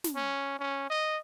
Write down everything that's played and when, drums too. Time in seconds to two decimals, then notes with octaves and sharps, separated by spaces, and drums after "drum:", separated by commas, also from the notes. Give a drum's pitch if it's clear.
0.04 drum: snare
0.15 C#4
0.59 C#4
0.90 D#5